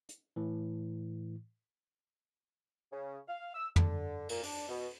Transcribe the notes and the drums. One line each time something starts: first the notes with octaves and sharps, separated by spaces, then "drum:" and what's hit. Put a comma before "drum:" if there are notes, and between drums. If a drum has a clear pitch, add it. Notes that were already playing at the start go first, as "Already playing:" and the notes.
drum: hi-hat
A2 E3
C#3
F5
E6
D3, drum: tom F2
A#2, drum: cymbal
D4, drum: open hi-hat
B2